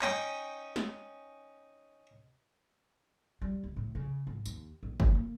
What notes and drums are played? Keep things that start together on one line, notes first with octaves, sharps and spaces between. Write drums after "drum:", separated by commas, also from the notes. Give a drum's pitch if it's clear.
C#4 D#4 G5, drum: clap
drum: snare
G3
C#2
A2
C#3
G#2
D#2, drum: tambourine
A#1
A3, drum: kick
A#3